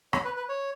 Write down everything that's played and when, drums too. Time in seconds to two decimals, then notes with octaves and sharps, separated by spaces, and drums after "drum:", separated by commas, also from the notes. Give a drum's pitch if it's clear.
0.13 C#5, drum: rim click
0.25 B4
0.36 B4
0.49 C#5